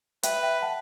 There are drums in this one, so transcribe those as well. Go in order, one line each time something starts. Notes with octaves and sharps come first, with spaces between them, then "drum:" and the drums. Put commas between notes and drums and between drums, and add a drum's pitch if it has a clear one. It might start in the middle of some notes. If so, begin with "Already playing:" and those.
B4 E5 G5, drum: hi-hat
E5 G5
F#5 A5